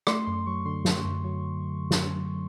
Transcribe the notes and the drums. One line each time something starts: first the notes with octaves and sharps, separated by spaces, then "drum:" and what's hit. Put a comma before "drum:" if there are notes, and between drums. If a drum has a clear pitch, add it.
A3 C6, drum: rim click
F#2 C6
F#3 C#6
D3 C6
A3, drum: snare
F#2
F#3
drum: snare